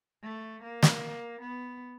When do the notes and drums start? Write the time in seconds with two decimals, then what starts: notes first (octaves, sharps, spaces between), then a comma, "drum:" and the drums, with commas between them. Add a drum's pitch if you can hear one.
0.23 A3
0.63 A#3
0.83 drum: snare
1.41 B3